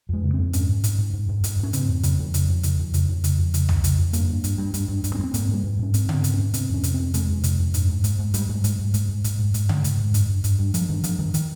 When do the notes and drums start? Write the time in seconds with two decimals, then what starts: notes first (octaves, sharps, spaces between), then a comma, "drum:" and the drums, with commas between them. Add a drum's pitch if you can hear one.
0.09 F2 G#3
0.24 C#3
0.34 F2 C4
0.53 G#2 C#4, drum: hi-hat
0.69 G#2
0.84 G#2, drum: hi-hat
0.98 G#2
1.13 G#2
1.29 G#2
1.44 G#2, drum: hi-hat
1.59 G#2 C#4
1.73 C#3 C4, drum: hi-hat
1.89 F2
2.03 C#3, drum: hi-hat
2.19 F2
2.34 C#3, drum: hi-hat
2.49 F2
2.63 C#3, drum: hi-hat
2.79 F2
2.94 C#3, drum: hi-hat
3.09 F2
3.24 C#3, drum: hi-hat
3.39 F2
3.54 C#3, drum: hi-hat
3.69 F2, drum: tom
3.84 C#3, drum: hi-hat
3.99 F2
4.13 G2 A#3, drum: hi-hat
4.28 G2
4.44 G2, drum: hi-hat
4.58 G2
4.74 G2, drum: hi-hat
4.88 G2
5.04 G2, drum: hi-hat
5.15 C#4
5.19 G2
5.24 C4
5.34 G#2 A#3, drum: hi-hat
5.49 G#2 G3
5.64 G#2
5.79 G#2 C#4
5.94 G#2 C4, drum: hi-hat
6.09 G#2 C4, drum: tom C#3
6.24 G#2, drum: hi-hat
6.34 G#2 C#4
6.54 C3 C4, drum: hi-hat
6.69 F2 C#4
6.83 C3, drum: hi-hat
6.94 F2 C4
7.14 C3 G#3, drum: hi-hat
7.29 F2
7.44 C3, drum: hi-hat
7.59 F2
7.74 G#2, drum: hi-hat
7.89 G#2
8.04 G#2, drum: hi-hat
8.19 G#2
8.34 G#2 G3, drum: hi-hat
8.49 G#2
8.64 G#2, drum: hi-hat
8.79 G#2
8.94 G#2, drum: hi-hat
9.09 G#2
9.24 G#2, drum: hi-hat
9.39 G#2
9.54 G#2, drum: hi-hat
9.69 G#2, drum: tom C#3
9.84 G#2, drum: hi-hat
9.99 G#2
10.14 G2, drum: hi-hat
10.29 G2
10.44 G2, drum: hi-hat
10.59 G2
10.74 G2 F3, drum: hi-hat
10.89 G2 D#3
11.04 G2 F3, drum: hi-hat
11.19 G2 D#3
11.34 D#3, drum: hi-hat